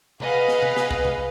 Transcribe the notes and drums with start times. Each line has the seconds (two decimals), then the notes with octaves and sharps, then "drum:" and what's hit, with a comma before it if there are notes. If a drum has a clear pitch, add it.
0.20 G#4 B4 D#5 F5 F#5, drum: tom C3
0.48 drum: snare
0.62 drum: tom C3
0.77 drum: snare
0.91 drum: kick
1.05 drum: tom C3